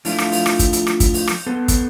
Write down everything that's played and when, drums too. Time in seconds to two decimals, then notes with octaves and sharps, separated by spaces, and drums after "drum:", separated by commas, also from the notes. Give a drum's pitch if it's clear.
0.05 F3 A3 D4 E4 F4, drum: open hi-hat
0.18 drum: rim click
0.32 drum: open hi-hat
0.46 drum: rim click
0.59 drum: kick, hi-hat
0.73 drum: hi-hat
0.87 drum: rim click
1.00 drum: kick, hi-hat
1.14 drum: open hi-hat
1.27 drum: rim click
1.46 B3 A4 C5
1.68 drum: kick, hi-hat